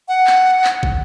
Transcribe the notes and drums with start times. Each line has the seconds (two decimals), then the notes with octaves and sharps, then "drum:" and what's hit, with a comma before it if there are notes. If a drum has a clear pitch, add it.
0.08 F#5
0.27 drum: clap
0.64 drum: clap
0.83 drum: kick